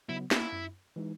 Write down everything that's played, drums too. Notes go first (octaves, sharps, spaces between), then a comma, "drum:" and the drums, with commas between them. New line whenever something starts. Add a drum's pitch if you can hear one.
C#3 F#3 B3 E4
E4, drum: snare
F#2
E3 G#3 D#4